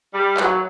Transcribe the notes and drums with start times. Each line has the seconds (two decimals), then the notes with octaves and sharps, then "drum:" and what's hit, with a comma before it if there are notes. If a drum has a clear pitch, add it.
0.13 G3
0.37 F#3, drum: clap